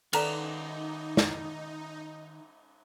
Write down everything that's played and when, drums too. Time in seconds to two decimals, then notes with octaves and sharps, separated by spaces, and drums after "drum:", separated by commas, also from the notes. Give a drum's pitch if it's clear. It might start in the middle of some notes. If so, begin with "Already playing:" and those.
0.13 D#3 D#4 A4 B4 D5 A#5, drum: cymbal
1.17 drum: snare